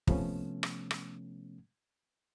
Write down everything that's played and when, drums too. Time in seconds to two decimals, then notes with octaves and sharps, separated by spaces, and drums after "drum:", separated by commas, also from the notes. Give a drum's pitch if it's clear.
0.07 C3 F3 A3 B3 C#4, drum: kick
0.63 drum: rim click
0.91 drum: rim click